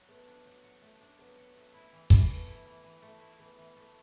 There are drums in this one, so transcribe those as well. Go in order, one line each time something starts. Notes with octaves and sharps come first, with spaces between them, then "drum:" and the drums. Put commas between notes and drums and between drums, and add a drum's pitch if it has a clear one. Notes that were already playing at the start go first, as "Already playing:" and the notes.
Already playing: F#3 F#4
A3 B3
D4
F#3
F#4
A3
D4
F#3 B3
F#4
A3
E4
E3
E3, drum: kick
A3 B3
E4
E3
E3
A3
E4
E3 B3
E3
A3